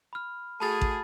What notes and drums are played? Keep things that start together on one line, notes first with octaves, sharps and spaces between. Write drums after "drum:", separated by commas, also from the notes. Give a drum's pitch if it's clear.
B5 F6
A3 F#4 G#4 A5 B5 A6
drum: kick